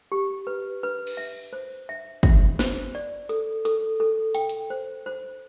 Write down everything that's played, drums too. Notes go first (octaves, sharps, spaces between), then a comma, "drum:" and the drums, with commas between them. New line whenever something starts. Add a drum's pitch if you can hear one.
G4
B4
B4
drum: cymbal
E5
C5
E5
E5, drum: kick
C5, drum: snare
D5
A4, drum: hi-hat
A4, drum: hi-hat
A4
G5, drum: hi-hat
drum: hi-hat
C5
C5